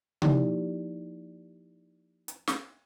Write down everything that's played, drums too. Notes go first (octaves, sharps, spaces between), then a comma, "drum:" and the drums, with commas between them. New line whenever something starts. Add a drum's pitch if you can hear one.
F3 A#3 D#4 E4 G4 D5, drum: tom C3
drum: hi-hat
drum: snare